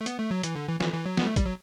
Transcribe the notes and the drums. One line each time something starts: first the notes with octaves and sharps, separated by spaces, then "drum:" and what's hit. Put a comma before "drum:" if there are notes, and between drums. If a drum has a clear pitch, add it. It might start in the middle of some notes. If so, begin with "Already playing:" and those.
A3
B3, drum: hi-hat
A3
F#3
E3, drum: hi-hat
D3
E3
E3, drum: snare
E3
F#3
B3, drum: snare
G3
A3
G3, drum: kick, hi-hat
F#3